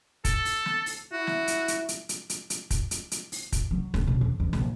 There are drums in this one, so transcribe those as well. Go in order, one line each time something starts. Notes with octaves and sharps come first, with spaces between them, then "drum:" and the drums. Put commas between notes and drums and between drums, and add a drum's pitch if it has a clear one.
A4, drum: kick, hi-hat
drum: open hi-hat
drum: snare
drum: open hi-hat
E4 F#4
drum: snare
drum: hi-hat
drum: hi-hat
drum: hi-hat
drum: hi-hat
drum: hi-hat
drum: hi-hat
drum: kick, hi-hat
drum: hi-hat
drum: hi-hat
drum: open hi-hat
drum: kick, hi-hat
F#3
D1, drum: snare
B2
E2
E2
A#1, drum: snare